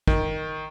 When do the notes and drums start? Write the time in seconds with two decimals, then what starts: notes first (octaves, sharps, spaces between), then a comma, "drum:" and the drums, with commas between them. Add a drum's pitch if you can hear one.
0.07 D#3, drum: kick